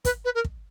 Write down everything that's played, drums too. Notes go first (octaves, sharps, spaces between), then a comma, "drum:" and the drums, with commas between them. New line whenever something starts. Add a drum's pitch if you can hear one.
B4, drum: kick, hi-hat
B4
A#4
drum: kick